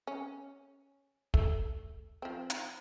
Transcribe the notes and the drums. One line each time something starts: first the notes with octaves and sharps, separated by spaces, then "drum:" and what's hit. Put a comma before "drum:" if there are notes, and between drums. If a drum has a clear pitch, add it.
C#4
A3, drum: kick
F3 C4
drum: hi-hat